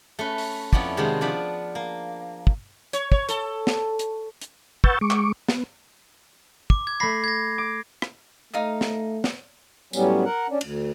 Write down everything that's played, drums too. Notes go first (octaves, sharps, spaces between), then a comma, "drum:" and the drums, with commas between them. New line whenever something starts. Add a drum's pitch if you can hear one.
A3 C#4 B4
drum: open hi-hat
F2 B3 C#4 E4 D5, drum: kick
C3 D#3 G#3 B3 C4 D4
F3 B3 D4 D5 B5
A#3
drum: kick
C#5, drum: hi-hat
C#5, drum: kick
A4, drum: hi-hat
drum: snare
drum: hi-hat
drum: hi-hat
B4 F#5 C#6 E6 G6 A6, drum: kick
G#3 C#6 D6
drum: clap
B3, drum: snare
D6, drum: kick
G#6
A3 B5 A#6 C7
G#6 A#6
D6
drum: rim click
A3 D#4 F5 D#6
drum: snare
drum: snare
A2 F#3 G3 B3 C#4, drum: tambourine
A#4 F#5
C#4 D4
D2, drum: cymbal